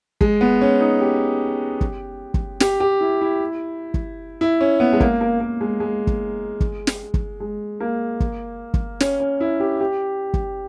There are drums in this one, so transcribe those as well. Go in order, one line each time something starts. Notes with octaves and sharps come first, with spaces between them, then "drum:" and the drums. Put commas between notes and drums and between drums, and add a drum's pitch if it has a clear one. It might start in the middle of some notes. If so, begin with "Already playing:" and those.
G#3, drum: kick G1
B3
C#4
D#4
G4
drum: kick G1
drum: kick G1
G4, drum: snare
G4
E4
E4
drum: kick G1
E4
C#4
B3
G#3
A#3, drum: kick G1
A#3
A#3
G#3
G#3
drum: kick G1
drum: kick G1
drum: snare
drum: kick G1
G#3
A#3
drum: kick G1
drum: kick G1
C#4, drum: snare
C#4
E4
G4
G4
drum: kick G1